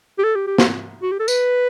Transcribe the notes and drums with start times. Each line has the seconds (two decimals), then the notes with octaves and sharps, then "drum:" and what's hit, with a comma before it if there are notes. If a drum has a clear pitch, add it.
0.18 G4
0.24 A4
0.35 G4
0.47 G4
0.58 drum: snare
1.02 F#4
1.11 G4
1.20 A4
1.28 B4, drum: tambourine